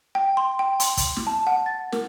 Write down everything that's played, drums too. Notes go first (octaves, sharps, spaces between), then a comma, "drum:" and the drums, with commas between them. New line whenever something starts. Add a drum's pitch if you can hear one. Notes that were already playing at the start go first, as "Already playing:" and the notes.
G5
C6
G5
C6, drum: hi-hat
drum: kick, hi-hat
drum: snare
A5
F#5
A6
A#4, drum: snare